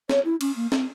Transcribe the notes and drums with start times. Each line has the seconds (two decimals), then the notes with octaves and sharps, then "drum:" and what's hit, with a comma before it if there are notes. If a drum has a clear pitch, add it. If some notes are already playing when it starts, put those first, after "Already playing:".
0.10 C#5, drum: snare
0.25 E4
0.41 C#4, drum: cymbal
0.56 A#3
0.72 C4, drum: snare